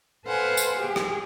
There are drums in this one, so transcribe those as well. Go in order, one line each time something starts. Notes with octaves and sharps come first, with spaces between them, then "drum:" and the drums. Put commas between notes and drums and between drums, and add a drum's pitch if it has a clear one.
A4 B4 C5 F5 F#5 G#5
drum: tambourine
G4 G#4
drum: rim click